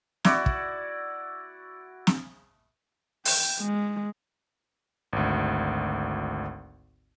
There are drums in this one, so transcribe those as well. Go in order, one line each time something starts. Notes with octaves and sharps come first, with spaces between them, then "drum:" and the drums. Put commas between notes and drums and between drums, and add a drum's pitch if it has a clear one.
E4 F#4 D5, drum: snare
drum: kick
drum: snare
G5, drum: open hi-hat
G#3
G#1 D2